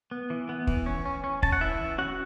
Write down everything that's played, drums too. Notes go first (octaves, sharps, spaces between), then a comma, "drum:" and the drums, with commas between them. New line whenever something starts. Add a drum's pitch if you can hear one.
B3
E3
B3
E3, drum: kick
C#4
C#4
C#4
C#4 A5, drum: kick
F#5
E3 E4 E5
E3
C#4 F#4 F#5